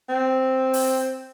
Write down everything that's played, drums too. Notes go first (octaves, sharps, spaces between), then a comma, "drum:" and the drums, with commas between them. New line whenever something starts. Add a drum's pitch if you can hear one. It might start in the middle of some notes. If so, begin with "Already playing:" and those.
C4
drum: open hi-hat